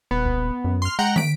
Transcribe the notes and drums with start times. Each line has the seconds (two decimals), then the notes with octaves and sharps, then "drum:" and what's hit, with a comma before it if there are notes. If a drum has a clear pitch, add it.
0.11 D#1 B3
0.25 drum: kick C2
0.64 F#2
0.82 C6 F6
0.99 G#3 F#5 G5 A#5
1.16 B6 D7, drum: tom